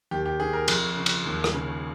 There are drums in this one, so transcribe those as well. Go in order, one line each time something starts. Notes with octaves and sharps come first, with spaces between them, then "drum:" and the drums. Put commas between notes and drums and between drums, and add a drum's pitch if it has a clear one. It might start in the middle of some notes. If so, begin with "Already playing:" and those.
D#2 G4
G4
D#3 G#4
A#4
F2, drum: cymbal
C#3
drum: cymbal
D#2
drum: rim click
C#3